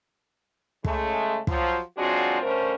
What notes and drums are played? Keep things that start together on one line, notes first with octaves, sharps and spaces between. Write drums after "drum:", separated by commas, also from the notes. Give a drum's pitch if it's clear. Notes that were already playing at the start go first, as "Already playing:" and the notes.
C#3 G#3 A3, drum: kick
F3 F#3, drum: kick
F#3 G#3 C4 D4 F4 F#4
D3 A3 C#4 A#4 C5